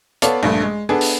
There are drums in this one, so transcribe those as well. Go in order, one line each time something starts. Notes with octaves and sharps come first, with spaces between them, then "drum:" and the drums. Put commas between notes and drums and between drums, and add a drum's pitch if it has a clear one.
B3 A4 C#5 D5 F5, drum: hi-hat
A#1 G2 A3
G#3
B3 D4 G#4 A4
drum: open hi-hat